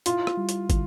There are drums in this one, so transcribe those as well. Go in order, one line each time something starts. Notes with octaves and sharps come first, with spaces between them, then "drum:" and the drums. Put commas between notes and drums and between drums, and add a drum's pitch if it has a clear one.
E4 F4, drum: hi-hat
drum: rim click
G3
drum: hi-hat
D3, drum: kick, hi-hat